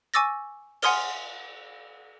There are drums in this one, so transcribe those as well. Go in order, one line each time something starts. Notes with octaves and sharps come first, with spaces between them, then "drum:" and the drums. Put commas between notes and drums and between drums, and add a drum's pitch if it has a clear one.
G#5 C#6 D6 E6 A6 A#6
F#5 G#5 C6 D#6 F6 G7, drum: cymbal